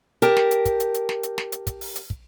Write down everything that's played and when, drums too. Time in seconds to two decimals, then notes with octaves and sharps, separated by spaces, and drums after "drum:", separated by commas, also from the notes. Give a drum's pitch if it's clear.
0.22 G4 A#4 A5, drum: hi-hat
0.37 drum: snare
0.51 drum: hi-hat
0.65 drum: kick, hi-hat
0.80 drum: hi-hat
0.94 drum: hi-hat
1.09 drum: snare
1.23 drum: hi-hat
1.38 drum: snare
1.52 drum: hi-hat
1.67 drum: kick, hi-hat
1.81 drum: open hi-hat
1.96 drum: hi-hat
2.10 drum: kick